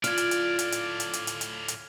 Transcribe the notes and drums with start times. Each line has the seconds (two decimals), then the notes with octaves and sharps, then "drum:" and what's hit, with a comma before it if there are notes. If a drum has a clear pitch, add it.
0.04 A2 D4 F4 D5 F6 G#6, drum: hi-hat
0.17 drum: hi-hat
0.31 drum: hi-hat
0.59 drum: hi-hat
0.72 drum: hi-hat
1.00 drum: hi-hat
1.13 drum: hi-hat
1.27 drum: hi-hat
1.41 drum: hi-hat
1.68 drum: hi-hat